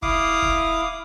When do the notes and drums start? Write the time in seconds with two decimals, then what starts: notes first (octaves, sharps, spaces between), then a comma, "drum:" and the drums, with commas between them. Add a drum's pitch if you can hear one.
0.02 E4 F5 D6 D#6, drum: kick
0.42 drum: kick